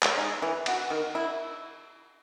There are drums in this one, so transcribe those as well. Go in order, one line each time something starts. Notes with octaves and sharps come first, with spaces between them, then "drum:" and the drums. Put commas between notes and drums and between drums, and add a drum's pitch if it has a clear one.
drum: clap
G#3 D#4
E3
B3 F#4, drum: cymbal
D#3
E4